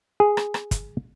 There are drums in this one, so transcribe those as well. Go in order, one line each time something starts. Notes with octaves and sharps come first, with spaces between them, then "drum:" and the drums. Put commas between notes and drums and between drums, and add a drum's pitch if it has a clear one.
G#4
drum: rim click
drum: rim click
drum: kick, hi-hat